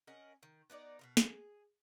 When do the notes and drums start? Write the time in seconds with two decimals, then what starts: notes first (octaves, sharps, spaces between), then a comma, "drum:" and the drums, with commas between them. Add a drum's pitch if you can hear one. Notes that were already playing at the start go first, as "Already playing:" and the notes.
0.07 C#4 A#4 D#5 F#5
0.43 D#3
0.70 B3 D4 D#4 D5
0.99 B2 D#3 A#4
1.17 G#4, drum: snare